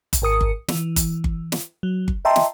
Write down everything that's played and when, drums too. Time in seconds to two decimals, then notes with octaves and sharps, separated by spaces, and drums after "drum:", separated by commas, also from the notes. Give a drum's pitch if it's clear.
0.13 drum: kick G1, hi-hat
0.22 G#1 A#4 D#6 C#7
0.41 drum: kick G1
0.68 E3, drum: snare
0.96 drum: kick G1, hi-hat
1.24 drum: kick G1
1.52 drum: snare
1.83 F#3
2.08 drum: kick G1
2.25 D#5 E5 G5 A5 A#5 C6
2.36 drum: snare